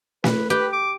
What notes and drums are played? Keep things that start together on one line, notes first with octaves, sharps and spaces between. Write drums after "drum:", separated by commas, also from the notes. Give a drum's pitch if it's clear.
B4, drum: snare
G4 B4
D6